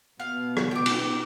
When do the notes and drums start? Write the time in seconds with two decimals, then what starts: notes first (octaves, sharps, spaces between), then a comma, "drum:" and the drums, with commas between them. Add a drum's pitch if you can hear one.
0.20 B2 F5
0.57 drum: rim click
0.71 G5 D6
0.86 drum: cymbal